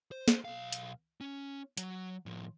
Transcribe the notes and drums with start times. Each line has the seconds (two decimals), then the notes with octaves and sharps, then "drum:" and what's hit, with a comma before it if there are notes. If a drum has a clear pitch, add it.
0.11 C5
0.28 drum: snare
0.45 B1 F5
0.73 drum: hi-hat
1.21 C#4
1.77 F#3, drum: hi-hat
2.26 A2 F3